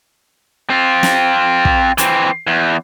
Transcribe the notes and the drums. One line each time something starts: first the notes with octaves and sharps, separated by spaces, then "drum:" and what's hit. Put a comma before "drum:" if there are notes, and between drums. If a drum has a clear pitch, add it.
C4 F4
drum: snare
drum: kick
E3 C4, drum: hi-hat
E2